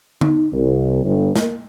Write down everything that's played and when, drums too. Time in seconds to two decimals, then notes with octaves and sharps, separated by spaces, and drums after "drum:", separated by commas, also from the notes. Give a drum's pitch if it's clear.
0.21 D#4, drum: tom D3
0.52 C2
1.04 G1
1.36 A#3, drum: snare